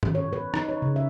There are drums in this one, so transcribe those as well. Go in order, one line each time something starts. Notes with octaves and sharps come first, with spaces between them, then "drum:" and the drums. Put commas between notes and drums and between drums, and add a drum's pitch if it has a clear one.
drum: tom
C#5
B4
D#4, drum: rim click
C#5
C#3
E5